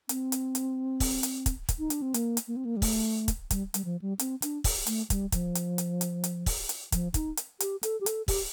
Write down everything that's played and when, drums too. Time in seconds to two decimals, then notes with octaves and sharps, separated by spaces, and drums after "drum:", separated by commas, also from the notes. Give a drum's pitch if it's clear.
0.09 C4, drum: hi-hat
0.32 drum: hi-hat
0.55 drum: hi-hat
1.00 drum: kick, open hi-hat
1.23 drum: hi-hat
1.46 drum: kick, hi-hat
1.69 drum: kick, hi-hat
1.79 D#4
1.90 D4, drum: hi-hat
2.02 C4
2.14 A#3, drum: hi-hat
2.37 drum: hi-hat
2.48 A#3
2.56 C4
2.65 A#3
2.77 G3
2.82 A3, drum: kick, open hi-hat
3.28 drum: kick, hi-hat
3.51 G3, drum: kick, hi-hat
3.74 G3, drum: hi-hat
3.85 F3
4.02 G3
4.19 C4, drum: hi-hat
4.42 D4, drum: hi-hat
4.64 drum: kick, open hi-hat
4.87 A3, drum: hi-hat
5.10 G3, drum: kick, hi-hat
5.32 F3, drum: kick, hi-hat
5.55 drum: hi-hat
5.78 drum: hi-hat
6.01 drum: hi-hat
6.24 drum: hi-hat
6.46 drum: kick, open hi-hat
6.69 drum: hi-hat
6.92 F3, drum: kick, hi-hat
7.14 D#4, drum: kick, hi-hat
7.37 drum: hi-hat
7.60 G4, drum: hi-hat
7.83 A4, drum: hi-hat
8.01 G4
8.06 A4, drum: hi-hat
8.28 G4, drum: kick, open hi-hat